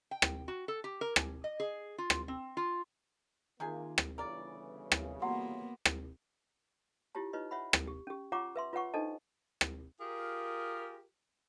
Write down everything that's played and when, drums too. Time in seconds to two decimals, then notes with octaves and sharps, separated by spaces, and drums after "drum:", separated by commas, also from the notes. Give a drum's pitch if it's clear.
0.11 G5
0.22 drum: rim click
0.48 F#4
0.68 A4
0.84 G4
1.01 A#4
1.16 G#5, drum: rim click
1.44 D#5
1.60 G#4
1.98 F4
2.10 drum: rim click
2.28 C4
2.57 F4
3.60 C3 D#3 A#3 F4 G#4 G#5
3.98 drum: rim click
4.18 G1 C#3 E3 A#4 D5
4.92 drum: rim click
5.22 F#3 A#3 B3 F#4 F#5 C6
5.85 drum: rim click
7.15 E4 F4 G4 C#5 A5
7.33 D#4 F4 B4 C#5 D#5
7.51 C#5 E5 F#5 B5
7.73 drum: rim click
7.87 G4
8.07 C#4 G4
8.32 F4 C#5 F#5 A#5 C#6 D6
8.56 B4 E5 C6
8.73 F4 B4 C#5 F#5 C#6
8.94 D4 D#4 A4 C5 D#5 A5
9.61 drum: rim click
10.01 F4 G4 G#4 A#4